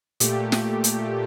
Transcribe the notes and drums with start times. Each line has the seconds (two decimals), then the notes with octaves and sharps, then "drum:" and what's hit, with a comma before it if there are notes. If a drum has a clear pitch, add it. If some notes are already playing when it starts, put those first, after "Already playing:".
0.20 A#2 A3 G4, drum: hi-hat
0.52 drum: snare
0.84 drum: hi-hat